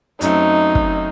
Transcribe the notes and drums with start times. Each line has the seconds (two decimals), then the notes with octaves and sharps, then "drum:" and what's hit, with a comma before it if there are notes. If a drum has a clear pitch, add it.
0.21 F#2 F#3 A3 C4 D#4, drum: hi-hat
0.75 drum: kick